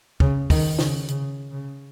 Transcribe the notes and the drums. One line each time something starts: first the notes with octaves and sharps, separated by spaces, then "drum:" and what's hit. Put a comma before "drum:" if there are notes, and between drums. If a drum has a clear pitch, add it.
C#3, drum: kick
D#3, drum: kick, open hi-hat
C#3, drum: snare
C#3, drum: hi-hat
C#3